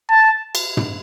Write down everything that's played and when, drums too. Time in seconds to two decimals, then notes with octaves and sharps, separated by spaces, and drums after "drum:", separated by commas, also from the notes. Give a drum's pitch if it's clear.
0.10 A5
0.55 drum: cymbal
0.77 drum: tom